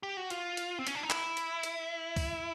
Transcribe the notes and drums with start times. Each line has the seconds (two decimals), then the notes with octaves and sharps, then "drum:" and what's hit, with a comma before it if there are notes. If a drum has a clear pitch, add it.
0.03 G4
0.17 F#4
0.30 F4, drum: hi-hat
0.57 drum: hi-hat
0.79 C4
0.87 C#4, drum: hi-hat
0.95 D4
1.03 D#4
1.10 E4, drum: clap
1.37 drum: hi-hat
1.63 drum: hi-hat
2.16 drum: kick C2, open hi-hat